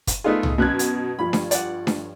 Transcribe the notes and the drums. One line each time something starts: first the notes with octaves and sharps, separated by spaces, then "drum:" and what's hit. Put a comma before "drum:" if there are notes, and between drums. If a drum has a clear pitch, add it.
drum: kick, hi-hat
A3 B3 D#4 F4 G#4
drum: tom
F#2 B2 F#6 G#6
drum: hi-hat
G2 F3 B5
drum: snare D4
D5 F#5, drum: hi-hat
drum: snare D4